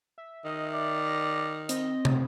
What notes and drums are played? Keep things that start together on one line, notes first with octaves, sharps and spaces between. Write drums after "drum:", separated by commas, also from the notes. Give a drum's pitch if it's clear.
E5
D#3 D#5
D5
A#6
C4 D#5, drum: hi-hat
drum: tom